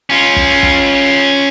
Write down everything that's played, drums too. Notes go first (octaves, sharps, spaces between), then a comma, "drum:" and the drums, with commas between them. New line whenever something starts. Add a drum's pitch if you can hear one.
C#4 F4
drum: kick
drum: kick